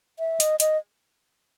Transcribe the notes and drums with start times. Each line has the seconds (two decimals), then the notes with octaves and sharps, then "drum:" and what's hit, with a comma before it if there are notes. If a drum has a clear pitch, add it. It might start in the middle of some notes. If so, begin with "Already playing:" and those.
0.19 E5
0.40 D#5, drum: hi-hat
0.60 D#5, drum: hi-hat